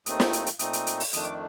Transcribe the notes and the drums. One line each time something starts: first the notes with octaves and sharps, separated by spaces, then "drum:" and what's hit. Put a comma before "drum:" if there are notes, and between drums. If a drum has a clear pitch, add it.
D#2 D#3 A3 C4 D#4 D#6, drum: hi-hat
drum: snare
drum: hi-hat
drum: hi-hat
A#2 A3 C4 D#4 D#6, drum: hi-hat
drum: hi-hat
drum: hi-hat
drum: open hi-hat
F2 D#3 A3 D4 D#6, drum: hi-hat
D6